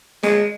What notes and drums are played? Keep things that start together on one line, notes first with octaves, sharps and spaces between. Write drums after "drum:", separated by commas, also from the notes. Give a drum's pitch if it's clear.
G#3, drum: snare